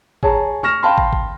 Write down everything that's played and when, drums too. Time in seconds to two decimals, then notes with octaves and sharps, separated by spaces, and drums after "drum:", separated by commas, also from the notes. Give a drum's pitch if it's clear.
0.23 G#4 C#5 A5 A#5, drum: kick
0.63 C#6 F6 A#6 E7
0.83 F5 G5 A5 B5 C6
0.98 drum: kick
1.13 drum: kick